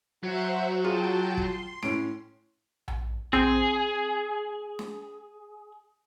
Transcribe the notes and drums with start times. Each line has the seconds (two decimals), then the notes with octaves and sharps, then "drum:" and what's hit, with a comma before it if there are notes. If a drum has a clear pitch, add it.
0.23 F#3 F#4 C5 E5 F#5
0.84 F4 G#4 G5 A5
1.37 C6, drum: kick
1.83 A2 C#4 D7, drum: snare
2.88 drum: tom A#1
3.33 C4 G#4, drum: tom A#1
4.79 drum: snare